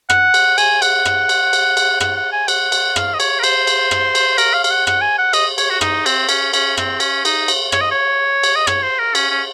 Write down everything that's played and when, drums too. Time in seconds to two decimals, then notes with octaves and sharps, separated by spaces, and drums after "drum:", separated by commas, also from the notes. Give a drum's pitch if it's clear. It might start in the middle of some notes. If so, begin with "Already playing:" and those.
0.10 F#5, drum: rim click
0.34 drum: cymbal
0.58 G#5, drum: cymbal
0.82 F#5, drum: cymbal
1.05 drum: rim click
1.29 drum: cymbal
1.53 drum: cymbal
1.77 drum: cymbal
2.00 F#5, drum: rim click
2.17 F#5
2.32 G#5
2.48 F#5, drum: cymbal
2.72 drum: cymbal
2.96 F5, drum: rim click
3.14 D#5
3.20 C#5, drum: cymbal
3.40 A#4
3.43 C5, drum: cymbal
3.67 drum: cymbal
3.91 drum: rim click
4.15 drum: cymbal
4.38 A#4, drum: cymbal
4.54 F5
4.64 F5, drum: cymbal
4.71 F#5
4.87 F#5, drum: rim click
5.02 G#5
5.19 F#5
5.33 D#5, drum: cymbal
5.58 C#5, drum: cymbal
5.70 F#4
5.81 D#4, drum: rim click
6.06 C4, drum: cymbal
6.29 C#4, drum: cymbal
6.53 C#4, drum: cymbal
6.77 C4, drum: rim click
7.00 C#4, drum: cymbal
7.25 D#4, drum: cymbal
7.48 drum: cymbal
7.72 C#5, drum: rim click
7.81 D#5
7.91 C#5
8.43 drum: cymbal
8.56 D#5
8.67 C#5, drum: rim click
8.83 C5
8.99 A#4
9.15 C#4, drum: cymbal
9.31 C#4